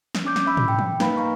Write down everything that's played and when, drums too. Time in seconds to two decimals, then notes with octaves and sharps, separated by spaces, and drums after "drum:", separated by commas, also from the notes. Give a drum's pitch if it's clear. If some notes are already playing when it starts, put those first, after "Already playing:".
0.15 drum: snare
0.24 C#4 D4 D6 G6
0.36 drum: snare
0.47 E5 B5 E6
0.57 drum: tom
0.68 G5
0.79 drum: tom E3
1.00 A#3 D#4 B4 F5 B5, drum: snare
1.17 F5 A#5 C#6